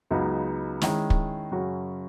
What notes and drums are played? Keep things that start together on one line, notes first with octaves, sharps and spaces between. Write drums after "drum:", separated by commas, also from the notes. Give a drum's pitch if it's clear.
C#2 C#3 F#3 B3 D#4
D#3 G#3 C#4 E4, drum: snare
drum: kick
F#2 C#3 F#3 C#4 F#4